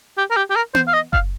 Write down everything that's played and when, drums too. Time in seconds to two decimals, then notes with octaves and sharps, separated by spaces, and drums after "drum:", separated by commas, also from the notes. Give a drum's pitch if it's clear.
0.18 G4
0.30 A#4
0.37 G4
0.50 G4
0.56 A#4
0.75 C5, drum: tom B3
0.88 F5
0.94 D#5
1.13 F5, drum: kick F#1